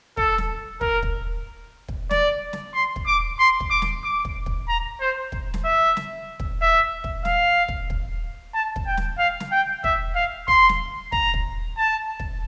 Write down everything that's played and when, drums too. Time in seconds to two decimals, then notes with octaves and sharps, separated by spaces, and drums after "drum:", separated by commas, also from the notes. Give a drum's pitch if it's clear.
0.17 A4, drum: kick
0.38 drum: snare
0.81 A#4, drum: kick
1.03 drum: kick
1.88 drum: kick
2.11 D5, drum: snare
2.53 drum: snare
2.74 C6
2.96 drum: kick
3.07 D6
3.39 C6
3.60 drum: kick
3.70 D6
3.82 drum: snare
4.04 D6
4.25 drum: kick
4.46 drum: kick
4.68 A#5
5.01 C5
5.32 drum: kick
5.54 drum: snare
5.64 E5
5.97 drum: snare
6.40 drum: kick
6.62 E5
7.04 drum: kick
7.25 F5, drum: snare
7.68 drum: kick
7.90 drum: kick
8.54 A5
8.76 drum: kick
8.87 G5
8.97 drum: snare
9.18 F5
9.40 drum: snare
9.52 G5
9.84 E5, drum: kick
10.15 F5
10.48 C6, drum: kick
10.69 drum: snare
11.12 A#5, drum: kick
11.34 drum: kick
11.77 A5
12.20 drum: kick